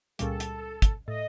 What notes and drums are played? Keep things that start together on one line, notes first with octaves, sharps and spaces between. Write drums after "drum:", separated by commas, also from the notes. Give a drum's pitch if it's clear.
C#2 A#2 G3 A4, drum: hi-hat
drum: hi-hat
drum: kick, hi-hat
A2 D#5